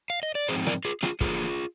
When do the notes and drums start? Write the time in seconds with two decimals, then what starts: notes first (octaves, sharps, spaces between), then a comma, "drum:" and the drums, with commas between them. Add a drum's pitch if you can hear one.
0.10 F5
0.23 D#5
0.35 D5
0.48 G#2 F3 C4 D#4 G#4 C5
0.67 A#4 D5, drum: rim click
0.85 F4 G#4
1.03 F4 G#4, drum: rim click
1.21 D3 F3 A#3 F4 G#4, drum: kick